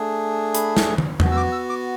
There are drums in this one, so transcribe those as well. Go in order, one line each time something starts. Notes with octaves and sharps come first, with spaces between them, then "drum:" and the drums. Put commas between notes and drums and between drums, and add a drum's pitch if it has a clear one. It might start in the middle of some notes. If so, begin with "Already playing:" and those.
Already playing: A3 D4 G#4
B5, drum: hi-hat
drum: snare
drum: tom
B3 F#4, drum: tom E2
E6
D6
E6
D6